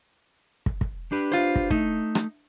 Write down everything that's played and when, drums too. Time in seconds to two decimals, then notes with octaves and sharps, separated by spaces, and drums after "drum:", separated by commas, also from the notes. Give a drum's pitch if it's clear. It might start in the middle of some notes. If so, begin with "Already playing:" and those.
0.66 drum: kick
0.81 drum: kick
1.12 D4 G4 B4
1.31 F4 C5
1.56 drum: kick
1.70 A3 D#4, drum: kick
2.15 drum: rim click